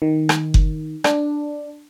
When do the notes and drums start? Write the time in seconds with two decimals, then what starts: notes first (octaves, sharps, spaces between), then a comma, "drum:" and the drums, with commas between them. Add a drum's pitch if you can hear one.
0.02 D#3
0.29 drum: rim click
0.54 drum: kick F#1
1.04 D4, drum: rim click